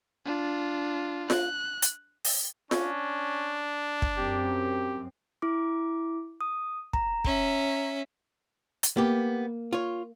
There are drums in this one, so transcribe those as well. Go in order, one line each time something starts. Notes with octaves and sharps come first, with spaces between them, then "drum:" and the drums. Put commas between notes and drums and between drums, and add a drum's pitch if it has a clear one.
D4 F4
F#6, drum: snare F4
drum: hi-hat
drum: open hi-hat
C#4 D4, drum: snare F4
drum: kick
F#2 C4 G4
E4 D6
D#6
A#5, drum: kick
C#4 E5, drum: kick
drum: hi-hat
A#3 B3 G4
F4 C#5